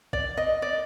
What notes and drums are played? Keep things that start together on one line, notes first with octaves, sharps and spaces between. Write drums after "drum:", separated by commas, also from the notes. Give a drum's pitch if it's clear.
D5, drum: kick
D#5
D5